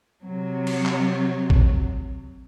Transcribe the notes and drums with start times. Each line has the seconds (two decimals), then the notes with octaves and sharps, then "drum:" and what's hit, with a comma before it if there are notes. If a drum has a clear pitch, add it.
0.24 C3 F#3
0.67 drum: cymbal
0.86 drum: clap
1.50 drum: kick